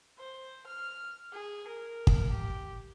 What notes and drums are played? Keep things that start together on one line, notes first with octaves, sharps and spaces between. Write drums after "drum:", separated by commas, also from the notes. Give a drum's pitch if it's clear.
C5
F6
G#4
A#4
drum: kick
G4